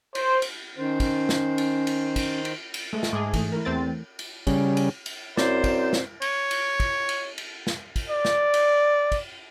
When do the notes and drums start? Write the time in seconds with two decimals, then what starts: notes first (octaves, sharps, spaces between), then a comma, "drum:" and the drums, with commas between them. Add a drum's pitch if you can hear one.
0.15 C5, drum: cymbal
0.42 drum: cymbal
0.78 D#3 C#4 C5
1.00 drum: kick, cymbal
1.29 drum: snare
1.58 drum: cymbal
1.87 drum: cymbal
2.16 drum: kick, cymbal
2.45 drum: cymbal
2.74 drum: cymbal
2.93 G#3 A3
3.03 drum: snare
3.13 G#2 G#3 G#4 A5 D6
3.34 E3 A3, drum: kick, cymbal
3.52 E4 A#4
3.65 E2 C4 A6
4.19 drum: cymbal
4.47 C#3 G3 C#4, drum: kick, cymbal
4.77 drum: cymbal
5.06 drum: cymbal
5.37 F#2 C4 E4 C5 D5 E7, drum: snare
5.64 drum: kick, cymbal
5.93 drum: snare
6.22 C#5, drum: cymbal
6.51 drum: cymbal
6.80 drum: kick, cymbal
7.09 drum: cymbal
7.38 drum: cymbal
7.67 drum: snare
7.96 drum: kick, cymbal
8.10 D5
8.25 drum: snare
8.54 drum: cymbal
9.12 drum: kick, cymbal